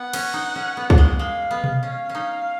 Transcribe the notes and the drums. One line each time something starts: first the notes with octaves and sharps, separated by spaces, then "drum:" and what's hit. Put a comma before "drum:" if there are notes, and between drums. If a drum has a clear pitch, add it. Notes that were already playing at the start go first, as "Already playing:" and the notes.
Already playing: B3 F#5
C#4, drum: cymbal
D#4
C#4
B3
A#3, drum: kick C2
G#3
G#3 F5
B3
drum: tom B2
C#4 F5
C#4
D#4